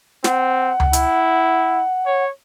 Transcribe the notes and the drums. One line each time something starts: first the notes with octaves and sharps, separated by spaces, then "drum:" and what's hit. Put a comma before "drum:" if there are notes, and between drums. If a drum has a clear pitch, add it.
C4 F#5, drum: snare
drum: tom C#2
E4, drum: hi-hat
C#5